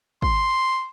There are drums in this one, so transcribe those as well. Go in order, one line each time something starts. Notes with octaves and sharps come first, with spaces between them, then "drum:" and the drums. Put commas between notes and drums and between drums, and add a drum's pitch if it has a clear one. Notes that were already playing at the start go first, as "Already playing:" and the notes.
C6, drum: kick